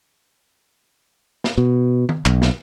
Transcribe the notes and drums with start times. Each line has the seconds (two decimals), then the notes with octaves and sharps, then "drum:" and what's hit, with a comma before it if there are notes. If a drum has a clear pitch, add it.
1.44 drum: snare
1.58 B2
2.09 drum: tom D#3
2.26 B1, drum: clap
2.42 drum: snare